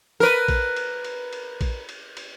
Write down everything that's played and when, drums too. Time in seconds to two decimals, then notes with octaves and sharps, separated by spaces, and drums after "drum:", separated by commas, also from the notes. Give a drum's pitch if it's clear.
0.20 A#4 B4
0.48 drum: kick A#1, cymbal
0.76 drum: cymbal
1.05 drum: cymbal
1.33 drum: cymbal
1.61 drum: kick A#1, cymbal
1.89 drum: cymbal
2.17 drum: cymbal